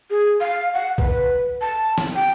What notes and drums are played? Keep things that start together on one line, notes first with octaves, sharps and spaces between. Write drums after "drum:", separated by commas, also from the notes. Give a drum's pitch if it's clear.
G#4
F5
F#5
B4, drum: kick
A5
drum: snare
G5